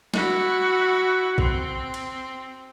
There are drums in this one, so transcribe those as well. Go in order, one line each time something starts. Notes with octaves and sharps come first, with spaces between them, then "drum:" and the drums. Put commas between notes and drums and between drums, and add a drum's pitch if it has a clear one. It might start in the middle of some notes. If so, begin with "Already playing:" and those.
E4 F#4, drum: snare
C4, drum: kick
drum: cymbal